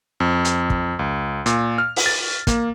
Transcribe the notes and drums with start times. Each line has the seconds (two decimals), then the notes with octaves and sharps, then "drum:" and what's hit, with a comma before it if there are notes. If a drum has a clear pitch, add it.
0.20 F2
0.45 drum: hi-hat
0.70 drum: kick
0.99 C#2
1.46 A#2, drum: hi-hat
1.78 F6
1.96 drum: open hi-hat
2.06 A6
2.47 A#3, drum: kick, hi-hat